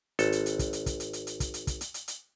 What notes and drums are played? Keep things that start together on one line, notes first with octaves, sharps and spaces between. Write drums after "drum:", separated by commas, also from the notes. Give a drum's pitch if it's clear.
G#1 A4, drum: hi-hat
drum: hi-hat
drum: hi-hat
drum: kick, hi-hat
drum: hi-hat
drum: kick, hi-hat
drum: hi-hat
drum: hi-hat
drum: hi-hat
drum: kick, hi-hat
drum: hi-hat
drum: kick, hi-hat
drum: hi-hat
drum: hi-hat
drum: hi-hat